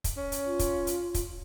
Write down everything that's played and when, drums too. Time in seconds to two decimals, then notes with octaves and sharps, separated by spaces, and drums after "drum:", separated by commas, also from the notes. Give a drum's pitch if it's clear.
0.04 drum: kick, hi-hat
0.17 C#4
0.32 drum: hi-hat
0.46 F4
0.59 drum: kick, hi-hat
0.87 drum: hi-hat
1.14 drum: kick, hi-hat